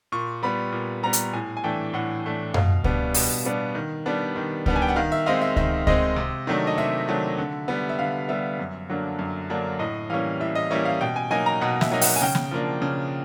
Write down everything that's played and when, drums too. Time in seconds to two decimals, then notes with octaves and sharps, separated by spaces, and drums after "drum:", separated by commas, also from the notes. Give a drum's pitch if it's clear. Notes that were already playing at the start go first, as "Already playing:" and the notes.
0.12 A#2 C#6
0.43 G3 B3 B5
0.72 A#2
1.03 G3 B3 A#5
1.13 drum: hi-hat
1.33 A2 G#5
1.57 G#5
1.64 E3 A3 D4 G5
1.94 A2 F#5
2.24 E3 A3 D4
2.54 B2 F5, drum: tom F#2
2.84 G3 B3 D4, drum: kick C#2
3.14 B2, drum: open hi-hat
3.45 G3 B3 D4
3.75 D#3
4.06 G3 B3 D4
4.36 D#3
4.66 G3 B3 D4, drum: kick C#2
4.76 G#5
4.82 G5
4.89 F#5
4.96 D#3 F5
5.12 E5
5.26 G#3 C4 D#4 F5
5.42 E5
5.56 D#3 E5, drum: kick C#2
5.87 G#3 C4 D#4 D#5, drum: kick C#2
6.16 C3
6.47 D#3 F#3 A3 D4
6.67 D#5
6.78 C3 E5
7.08 D#3 F#3 A3 D4
7.38 D3
7.68 G3 B3
7.89 E5
7.99 D3 F5
8.28 G3 B3 E5
8.59 F#2
8.89 D3 F#3 A#3 D4
9.19 F#2
9.50 D3 F#3 A#3 D4
9.79 A2 D#5
10.10 E3 G3 A#3 C#4 F5
10.40 A2 E5
10.55 D#5
10.71 E3 G3 A#3 C#4 E5
10.85 F5
11.01 B2 G5
11.16 G#5
11.31 F#3 A#3 D#4 G#5
11.46 A#5
11.61 B2 F#5
11.81 E5, drum: snare
11.91 F#3 A#3 D#4
12.01 F#5, drum: open hi-hat
12.16 G#5
12.21 C#3 G5
12.35 drum: snare
12.51 F3 A#3 D4
12.82 C#3